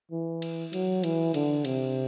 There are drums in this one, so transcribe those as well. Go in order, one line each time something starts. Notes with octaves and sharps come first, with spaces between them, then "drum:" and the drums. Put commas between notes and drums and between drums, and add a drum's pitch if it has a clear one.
E3
drum: cymbal
F#3, drum: cymbal
E3, drum: cymbal
D3, drum: cymbal
C3, drum: cymbal